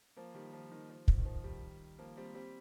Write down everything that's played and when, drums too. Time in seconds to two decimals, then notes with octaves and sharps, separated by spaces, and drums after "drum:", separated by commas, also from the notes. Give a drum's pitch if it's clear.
0.16 F3 A#3
0.35 D#3 G3
0.53 F3
0.72 D#3
0.90 F3
1.08 drum: kick
1.19 D#3
1.26 F3
1.44 D#3 G3
1.99 F3 A#3
2.17 G3 C4
2.35 G3 C4